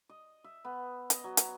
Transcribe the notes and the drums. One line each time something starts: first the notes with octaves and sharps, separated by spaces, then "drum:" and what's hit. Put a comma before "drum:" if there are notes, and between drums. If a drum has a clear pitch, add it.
D#5
E5
B3
D#5, drum: hi-hat
F#3
drum: hi-hat